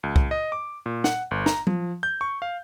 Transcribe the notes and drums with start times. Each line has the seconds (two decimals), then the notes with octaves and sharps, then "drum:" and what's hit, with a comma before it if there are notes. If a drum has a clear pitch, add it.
0.03 C#2
0.16 drum: kick
0.31 D#5
0.52 D6
0.86 A#2
1.04 F#5, drum: snare
1.31 G1
1.46 A#5, drum: snare
1.67 F3, drum: tom
2.03 G6
2.21 C#6
2.42 F5